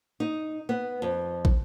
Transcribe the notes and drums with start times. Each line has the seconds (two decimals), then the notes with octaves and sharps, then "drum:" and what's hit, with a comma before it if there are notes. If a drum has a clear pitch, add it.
0.20 D#4
0.69 B3
1.02 F2
1.45 drum: kick